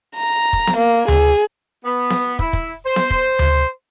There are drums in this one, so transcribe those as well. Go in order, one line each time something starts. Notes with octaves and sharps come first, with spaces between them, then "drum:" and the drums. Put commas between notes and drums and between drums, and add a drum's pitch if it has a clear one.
A#5
drum: kick
drum: snare B3
A#3
G#4, drum: tom D2
B3
drum: snare B3
E4, drum: kick
drum: kick
C5
drum: snare B3
drum: kick
drum: tom D2